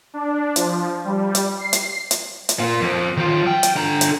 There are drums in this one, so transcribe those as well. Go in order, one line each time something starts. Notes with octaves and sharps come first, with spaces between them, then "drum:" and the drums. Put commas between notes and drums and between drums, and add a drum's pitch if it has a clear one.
D4
F3, drum: hi-hat
G3
drum: hi-hat
C7
drum: hi-hat
drum: hi-hat
drum: hi-hat
A#3 F4
F2
D#3 F4
F#3 G5
drum: hi-hat
D3 A#5
drum: hi-hat